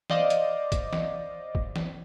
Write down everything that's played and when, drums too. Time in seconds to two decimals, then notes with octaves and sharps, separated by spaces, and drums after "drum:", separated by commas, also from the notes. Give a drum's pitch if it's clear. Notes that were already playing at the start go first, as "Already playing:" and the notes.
0.10 C5 D5 D#5 F5 D6, drum: snare
0.30 drum: hi-hat
0.72 drum: kick, hi-hat
0.93 drum: snare
1.55 drum: kick
1.76 drum: snare